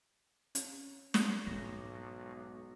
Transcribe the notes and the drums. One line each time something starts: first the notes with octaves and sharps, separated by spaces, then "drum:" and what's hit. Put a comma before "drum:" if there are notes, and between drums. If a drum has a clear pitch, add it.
C#4, drum: hi-hat
drum: snare
B1 G#2 A#6